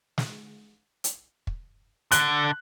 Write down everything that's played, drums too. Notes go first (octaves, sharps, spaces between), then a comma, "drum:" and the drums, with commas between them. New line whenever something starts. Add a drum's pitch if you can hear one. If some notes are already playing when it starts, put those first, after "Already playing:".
drum: snare
drum: hi-hat
drum: kick
D3 F#6, drum: hi-hat